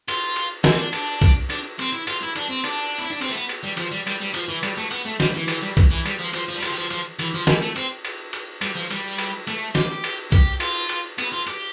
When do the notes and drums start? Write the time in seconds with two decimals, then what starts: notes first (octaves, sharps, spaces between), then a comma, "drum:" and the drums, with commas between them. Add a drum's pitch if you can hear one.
0.08 F4, drum: cymbal
0.36 drum: cymbal
0.64 E4, drum: snare
0.72 C4
0.79 D4
0.93 D4, drum: cymbal
1.21 drum: kick B1, cymbal
1.50 D4, drum: cymbal
1.79 C4, drum: cymbal
1.92 E4
2.07 F4, drum: cymbal
2.22 E4
2.36 D4, drum: cymbal
2.49 C4
2.64 D4, drum: cymbal
2.98 E4
3.10 D4
3.21 C4, drum: cymbal
3.30 A3
3.35 B3
3.49 drum: cymbal
3.63 G3
3.77 F3, drum: cymbal
3.91 G3
4.07 G3, drum: cymbal
4.21 G3
4.34 F3, drum: cymbal
4.48 E3
4.63 G3, drum: cymbal
4.77 A3
4.91 B3, drum: cymbal
5.06 A3
5.20 G3, drum: snare
5.35 E3
5.48 E3, drum: cymbal
5.63 G3
5.77 drum: kick B1, cymbal
5.91 E3
6.06 G3, drum: cymbal
6.20 F3
6.33 F3, drum: cymbal
6.49 F3
6.55 G3
6.63 F3, drum: cymbal
6.71 G3
6.76 F3
6.90 F3, drum: cymbal
7.19 E3, drum: cymbal
7.34 F3
7.47 G3, drum: snare
7.62 A3
7.76 C4, drum: cymbal
8.05 drum: cymbal
8.33 drum: cymbal
8.61 G3, drum: cymbal
8.75 F3
8.91 G3, drum: cymbal
9.18 drum: cymbal
9.47 A3, drum: cymbal
9.75 G4, drum: snare
10.04 drum: cymbal
10.32 G4, drum: kick B1, cymbal
10.60 F4, drum: cymbal
10.89 drum: cymbal
11.18 B3, drum: cymbal
11.32 F4
11.47 G4, drum: cymbal